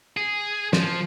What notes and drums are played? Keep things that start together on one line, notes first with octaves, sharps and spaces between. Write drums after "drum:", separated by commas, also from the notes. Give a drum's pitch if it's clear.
G#4
F3, drum: snare